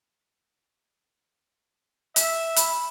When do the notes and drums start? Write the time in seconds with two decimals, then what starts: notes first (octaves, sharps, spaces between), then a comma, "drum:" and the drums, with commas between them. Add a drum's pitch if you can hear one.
2.16 E5, drum: hi-hat
2.56 B5, drum: hi-hat